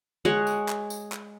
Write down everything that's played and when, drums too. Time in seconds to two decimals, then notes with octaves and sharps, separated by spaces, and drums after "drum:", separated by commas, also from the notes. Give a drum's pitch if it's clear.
0.25 G#3 C#5 F#5, drum: tom D3
0.47 drum: tambourine
0.68 drum: clap
0.90 drum: tambourine
1.12 drum: clap